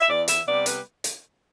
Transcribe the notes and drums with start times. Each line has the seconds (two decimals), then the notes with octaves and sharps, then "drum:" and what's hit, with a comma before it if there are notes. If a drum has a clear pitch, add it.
0.01 E5
0.09 E2 D5
0.28 E5, drum: hi-hat
0.46 C3 G3 B3 D5
0.66 B4, drum: hi-hat
1.04 drum: hi-hat